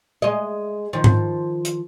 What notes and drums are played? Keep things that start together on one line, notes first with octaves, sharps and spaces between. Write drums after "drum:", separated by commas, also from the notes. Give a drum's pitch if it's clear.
G#3 D#5
D#3 F3
drum: tom
drum: hi-hat